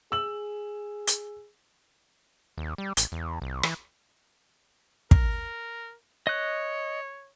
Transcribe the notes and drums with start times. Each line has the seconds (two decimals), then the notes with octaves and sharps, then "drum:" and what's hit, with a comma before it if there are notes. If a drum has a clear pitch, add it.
0.12 G#4 E6 F#7
1.07 drum: hi-hat
2.58 D#2
2.78 G3
2.97 A1, drum: hi-hat
3.12 E2
3.42 C2
3.63 E3, drum: rim click
5.11 A#4, drum: kick
6.27 C#5 D#5 F#6